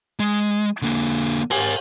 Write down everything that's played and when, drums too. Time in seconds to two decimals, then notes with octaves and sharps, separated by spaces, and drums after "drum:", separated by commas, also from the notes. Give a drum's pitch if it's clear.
0.20 G#3
0.82 D3 A#3
1.51 A#4 G#5, drum: cymbal